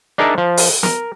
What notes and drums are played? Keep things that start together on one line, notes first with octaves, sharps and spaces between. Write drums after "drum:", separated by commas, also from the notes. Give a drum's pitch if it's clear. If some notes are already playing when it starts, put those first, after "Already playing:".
D4 D#4 G#4 A#4 D5 E5
F3
drum: open hi-hat
A#4, drum: snare